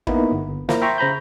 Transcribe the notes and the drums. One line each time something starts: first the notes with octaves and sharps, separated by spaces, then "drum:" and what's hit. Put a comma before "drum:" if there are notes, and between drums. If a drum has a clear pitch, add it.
A#3 B3 D#4 E4, drum: kick
G1
A#3 E4 F4 C5 A#5, drum: snare
E5 G5 A#5 C6 C#6
C#3 C5 A#5 B5 G6